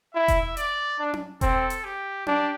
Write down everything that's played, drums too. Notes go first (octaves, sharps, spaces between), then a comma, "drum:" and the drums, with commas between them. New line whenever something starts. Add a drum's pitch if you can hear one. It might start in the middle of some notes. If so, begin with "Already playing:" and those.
E4 E5
drum: kick E1, hi-hat
D5, drum: hi-hat
D4
drum: tom C#4
C4 A4, drum: kick E1, hi-hat
drum: hi-hat
G4
D4 G4, drum: tom C#4